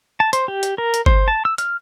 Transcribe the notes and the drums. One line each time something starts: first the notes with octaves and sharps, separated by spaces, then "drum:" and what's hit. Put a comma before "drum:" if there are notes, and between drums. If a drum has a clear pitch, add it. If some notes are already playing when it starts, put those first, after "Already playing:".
A5
C5, drum: hi-hat
G4
drum: hi-hat
A#4
drum: hi-hat
C5, drum: kick G1
A5
E6
F6, drum: hi-hat